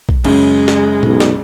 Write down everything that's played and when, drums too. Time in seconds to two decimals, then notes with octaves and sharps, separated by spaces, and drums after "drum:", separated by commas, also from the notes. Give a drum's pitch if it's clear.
0.09 drum: kick A#1
0.24 F#2 C#3 G#3, drum: cymbal
0.68 drum: snare
1.03 B1, drum: tom A#2
1.20 drum: snare